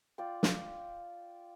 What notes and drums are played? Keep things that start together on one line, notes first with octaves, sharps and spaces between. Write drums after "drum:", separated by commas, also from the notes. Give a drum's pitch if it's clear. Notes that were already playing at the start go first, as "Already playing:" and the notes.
F4 D5 G5
drum: snare